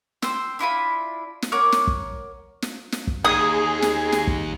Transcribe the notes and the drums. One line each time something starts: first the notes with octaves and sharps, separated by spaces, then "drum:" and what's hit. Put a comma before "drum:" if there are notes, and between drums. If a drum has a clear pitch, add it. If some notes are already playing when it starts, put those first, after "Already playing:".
C5 G5 E6, drum: snare
D4 E4 F4 B5
drum: snare
A#4 C#5 F#5 D6
drum: snare
drum: kick
drum: snare
drum: snare
drum: kick
D#2 G#4 D#6
drum: snare
drum: snare
drum: kick